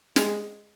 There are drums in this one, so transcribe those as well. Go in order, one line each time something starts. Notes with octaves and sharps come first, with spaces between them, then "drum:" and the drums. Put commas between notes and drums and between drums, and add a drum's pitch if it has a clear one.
G#3, drum: snare